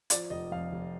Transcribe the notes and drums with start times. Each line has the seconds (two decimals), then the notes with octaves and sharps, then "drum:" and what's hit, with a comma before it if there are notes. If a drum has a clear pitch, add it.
0.10 F3 D5, drum: hi-hat
0.30 F1 D#5
0.52 F2 F5
0.72 F1